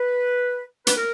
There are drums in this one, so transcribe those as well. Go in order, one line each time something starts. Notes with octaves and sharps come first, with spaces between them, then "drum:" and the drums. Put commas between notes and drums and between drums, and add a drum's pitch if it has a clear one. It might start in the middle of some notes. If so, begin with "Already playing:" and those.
Already playing: B4
B4, drum: hi-hat
A#4